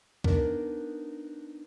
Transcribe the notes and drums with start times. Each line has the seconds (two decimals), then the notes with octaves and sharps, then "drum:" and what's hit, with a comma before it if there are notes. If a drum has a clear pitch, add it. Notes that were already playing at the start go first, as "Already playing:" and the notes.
0.24 B3 D4 D#4 A#4, drum: kick